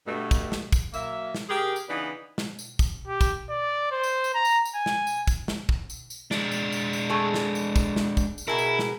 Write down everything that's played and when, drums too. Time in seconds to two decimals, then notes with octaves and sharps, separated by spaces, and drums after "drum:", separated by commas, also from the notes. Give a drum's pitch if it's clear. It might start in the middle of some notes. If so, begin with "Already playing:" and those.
0.07 G2 B2 A3
0.31 drum: kick, tambourine
0.52 drum: snare
0.72 drum: kick, tambourine
0.94 F#3 A#3 E5, drum: tambourine
1.35 drum: snare
1.49 G4 G#4 A#4
1.76 drum: tambourine
1.89 C#3 E3 B3 D4 D#4 B4
2.38 drum: snare
2.59 drum: tambourine
2.79 drum: kick, tambourine
3.07 G4
3.21 drum: kick, tambourine
3.50 D5
3.91 C5
4.03 drum: tambourine
4.24 drum: tambourine
4.34 A#5
4.45 drum: tambourine
4.65 drum: tambourine
4.75 G#5
4.86 drum: snare
5.07 drum: tambourine
5.27 drum: kick, tambourine
5.48 drum: snare
5.69 drum: kick
5.90 drum: tambourine
6.10 drum: tambourine
6.31 G#3 D4, drum: snare
6.52 drum: tambourine
6.72 drum: tambourine
6.93 drum: tambourine
7.10 A3 G#4
7.34 drum: snare
7.55 drum: tambourine
7.76 drum: kick, tambourine
7.96 drum: snare
8.17 drum: kick, tambourine
8.38 drum: tambourine
8.48 B2 E4 G#4 A#4
8.58 drum: tambourine
8.79 drum: snare